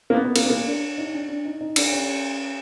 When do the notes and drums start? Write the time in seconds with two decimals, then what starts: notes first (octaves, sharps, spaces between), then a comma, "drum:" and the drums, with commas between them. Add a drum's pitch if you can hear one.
0.10 A#3
0.14 B3
0.25 B3
0.36 A#3, drum: cymbal
0.46 B3
0.50 A#3
0.67 D4
0.98 D#4
1.14 D4
1.29 D4
1.45 D#4
1.61 D#4
1.76 D4, drum: cymbal
1.92 C#4